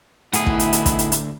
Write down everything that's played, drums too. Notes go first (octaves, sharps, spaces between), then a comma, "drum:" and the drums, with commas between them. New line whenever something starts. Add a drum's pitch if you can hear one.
D2 A2 B3 D#4 E4 G#4 F#5, drum: hi-hat
drum: kick
drum: hi-hat
drum: hi-hat
drum: kick, hi-hat
drum: hi-hat
drum: hi-hat